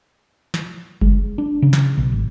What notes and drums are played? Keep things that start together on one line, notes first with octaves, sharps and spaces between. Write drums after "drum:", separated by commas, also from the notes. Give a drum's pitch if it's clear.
drum: snare
G#3, drum: kick F#1
D4
C#3
drum: snare
B1
G#1